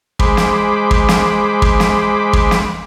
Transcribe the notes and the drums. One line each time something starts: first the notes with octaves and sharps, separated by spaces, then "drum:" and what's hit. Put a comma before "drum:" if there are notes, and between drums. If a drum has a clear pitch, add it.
G#3 C5 B5 D6, drum: kick
drum: snare
drum: kick
drum: snare
drum: kick
drum: snare
drum: kick
drum: snare